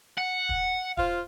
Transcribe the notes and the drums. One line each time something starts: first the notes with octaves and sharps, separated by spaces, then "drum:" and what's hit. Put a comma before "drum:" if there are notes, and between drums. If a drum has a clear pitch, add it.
F#5
drum: kick
F4 C5 F5, drum: kick